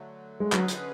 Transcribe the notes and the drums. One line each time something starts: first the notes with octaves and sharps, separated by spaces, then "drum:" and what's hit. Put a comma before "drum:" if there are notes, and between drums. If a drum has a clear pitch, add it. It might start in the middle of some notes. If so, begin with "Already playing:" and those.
Already playing: D3 F#3 A3
G#3
D3 F#3 G#3 C#4 G#4 B4, drum: clap
drum: hi-hat